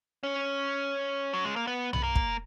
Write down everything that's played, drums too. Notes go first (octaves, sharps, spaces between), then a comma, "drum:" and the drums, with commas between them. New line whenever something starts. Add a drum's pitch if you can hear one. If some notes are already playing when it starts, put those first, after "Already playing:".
C#4
F#3
G#3
A#3
B3
B3, drum: tom B1
A#3
drum: kick